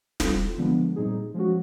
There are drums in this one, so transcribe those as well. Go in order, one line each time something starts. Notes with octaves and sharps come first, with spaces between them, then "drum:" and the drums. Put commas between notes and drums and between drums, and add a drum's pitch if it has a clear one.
G3 C4 F4 A4, drum: snare
D3 F3 G#3 B3 D4
A#2 G3 C4 D#4 G#4
F3 G#3 C#4 F#4